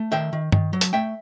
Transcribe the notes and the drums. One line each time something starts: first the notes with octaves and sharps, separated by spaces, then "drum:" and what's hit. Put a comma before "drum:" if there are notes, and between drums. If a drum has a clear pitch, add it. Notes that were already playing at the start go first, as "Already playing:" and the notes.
Already playing: A3
D#3 E5 G5
D#3
D#3, drum: tom G2
F#3
A5, drum: hi-hat
A3 E5 G5